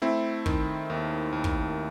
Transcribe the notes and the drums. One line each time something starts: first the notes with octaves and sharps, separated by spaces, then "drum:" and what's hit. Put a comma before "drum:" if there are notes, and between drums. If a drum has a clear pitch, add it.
A3 C4 E4
D#3, drum: kick
D#2
D#2
drum: kick